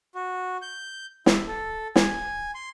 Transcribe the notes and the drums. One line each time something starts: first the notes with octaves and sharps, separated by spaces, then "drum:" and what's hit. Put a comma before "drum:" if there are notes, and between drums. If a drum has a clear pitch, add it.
F#4
G6
E4, drum: snare
A4
G#5, drum: snare
C6